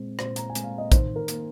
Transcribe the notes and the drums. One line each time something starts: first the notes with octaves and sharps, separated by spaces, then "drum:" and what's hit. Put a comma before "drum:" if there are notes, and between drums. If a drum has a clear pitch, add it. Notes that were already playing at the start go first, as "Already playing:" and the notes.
Already playing: A#2 G#3 C4
A#2 C5, drum: rim click
A#5, drum: hi-hat
G#5
G#3 C4, drum: hi-hat
F5
D#5
D#3 C5, drum: kick, hi-hat
A#4
A#3, drum: hi-hat